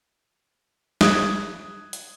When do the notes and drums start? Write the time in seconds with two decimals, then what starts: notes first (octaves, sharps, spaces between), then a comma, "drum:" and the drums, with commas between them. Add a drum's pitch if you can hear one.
1.01 D#6 F#6 G#6, drum: snare
1.93 drum: hi-hat